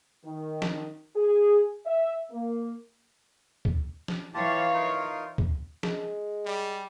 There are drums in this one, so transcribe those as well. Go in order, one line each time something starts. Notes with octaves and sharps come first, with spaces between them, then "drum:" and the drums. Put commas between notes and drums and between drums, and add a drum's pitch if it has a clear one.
D#3
drum: snare
G#4
E5
A#3
drum: kick
drum: snare
E3 F4 G4 C#5 F5 A5
D#4 F4 A#4
drum: kick
G#3, drum: snare
G3